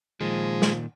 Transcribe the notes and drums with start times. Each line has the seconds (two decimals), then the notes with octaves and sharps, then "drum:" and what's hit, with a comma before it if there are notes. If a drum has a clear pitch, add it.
0.21 A#2 D#3 F3 G#3
0.62 drum: snare